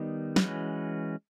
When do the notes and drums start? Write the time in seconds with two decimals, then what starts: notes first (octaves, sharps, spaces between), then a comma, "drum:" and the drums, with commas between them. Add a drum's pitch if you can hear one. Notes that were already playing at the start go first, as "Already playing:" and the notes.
Already playing: D#3 G3 B3 D#4
0.36 E3 G#3 C#4 F#4 B4, drum: snare